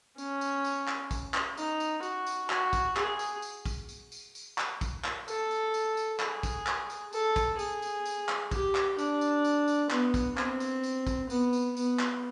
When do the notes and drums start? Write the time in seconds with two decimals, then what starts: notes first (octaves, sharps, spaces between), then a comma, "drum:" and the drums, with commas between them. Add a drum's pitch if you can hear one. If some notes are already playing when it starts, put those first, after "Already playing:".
0.18 C#4, drum: tambourine
0.41 drum: tambourine
0.64 drum: tambourine
0.88 drum: clap
1.11 drum: kick, tambourine
1.34 drum: clap
1.57 D#4, drum: tambourine
1.80 drum: tambourine
2.03 F#4, drum: tambourine
2.27 drum: tambourine
2.50 F#4, drum: clap
2.73 drum: kick, tambourine
2.97 G#4, drum: clap
3.19 drum: tambourine
3.42 drum: tambourine
3.65 drum: kick, tambourine
3.89 drum: tambourine
4.12 drum: tambourine
4.35 drum: tambourine
4.58 drum: clap
4.81 drum: kick, tambourine
5.04 drum: clap
5.28 A4, drum: tambourine
5.51 drum: tambourine
5.74 drum: tambourine
5.97 drum: tambourine
6.20 G#4, drum: clap
6.43 drum: kick, tambourine
6.67 drum: clap
6.90 drum: tambourine
7.13 A4, drum: tambourine
7.36 drum: kick, tambourine
7.59 G#4, drum: tambourine
7.82 drum: tambourine
8.06 drum: tambourine
8.29 drum: clap
8.51 G4, drum: kick, tambourine
8.75 drum: clap
8.98 D4, drum: tambourine
9.21 drum: tambourine
9.44 drum: tambourine
9.68 drum: tambourine
9.90 B3, drum: clap
10.14 drum: kick, tambourine
10.38 C4, drum: clap
10.60 drum: tambourine
10.83 drum: tambourine
11.07 drum: kick, tambourine
11.30 B3, drum: tambourine
11.53 drum: tambourine
11.77 B3, drum: tambourine
11.99 drum: clap